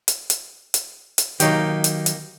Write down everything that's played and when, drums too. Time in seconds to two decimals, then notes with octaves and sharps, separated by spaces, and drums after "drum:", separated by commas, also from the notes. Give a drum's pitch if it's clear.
0.08 drum: hi-hat
0.30 drum: hi-hat
0.74 drum: hi-hat
1.18 drum: hi-hat
1.40 D#3 F#3 A#3 D#4 G4, drum: hi-hat
1.84 drum: hi-hat
2.06 drum: hi-hat